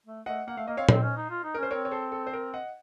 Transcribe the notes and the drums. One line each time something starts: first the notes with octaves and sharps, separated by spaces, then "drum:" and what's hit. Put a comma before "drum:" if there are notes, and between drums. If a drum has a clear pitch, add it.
A3
A3 D#5 F#5
A#3 F#5
A3 F5
A#3 D#5
C4 C#5 F5
C4 C5 D#5, drum: tom A#2
C#4
D#4
F4
D#4
A#4
C#4
C5
C4 A#4 C#5
C#5
A4 C5
A4
C5
A#4
D#5 F#5